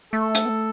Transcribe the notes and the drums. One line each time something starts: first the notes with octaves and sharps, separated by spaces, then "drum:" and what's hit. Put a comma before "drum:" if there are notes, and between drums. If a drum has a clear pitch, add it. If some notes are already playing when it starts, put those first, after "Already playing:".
A3 A4
drum: hi-hat
B3
A3